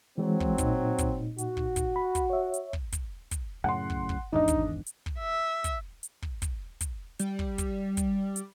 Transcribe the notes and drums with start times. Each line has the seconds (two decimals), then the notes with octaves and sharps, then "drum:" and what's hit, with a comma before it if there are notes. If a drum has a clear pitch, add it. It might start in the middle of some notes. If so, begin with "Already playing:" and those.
0.18 E3 F#3 G#3 C4
0.40 drum: kick
0.58 A#2 D#4, drum: kick, hi-hat
0.99 drum: kick, hi-hat
1.39 F#4, drum: hi-hat
1.57 drum: kick
1.76 drum: kick, hi-hat
1.96 B5
2.15 drum: kick, hi-hat
2.30 C#5 E5
2.54 drum: hi-hat
2.73 drum: kick
2.93 drum: kick, hi-hat
3.31 drum: kick, hi-hat
3.64 F#2 A2 C#3 F#5 C6
3.90 drum: kick
4.09 drum: kick
4.33 G#1 E2 G#2 D4 D#4 D#5
4.48 drum: kick, hi-hat
4.87 drum: hi-hat
5.06 drum: kick
5.19 E5
5.64 drum: kick, hi-hat
6.03 drum: hi-hat
6.22 drum: kick
6.42 drum: kick, hi-hat
6.81 drum: kick, hi-hat
7.19 G3, drum: hi-hat
7.39 drum: kick
7.58 drum: kick, hi-hat
7.97 drum: kick, hi-hat
8.36 drum: hi-hat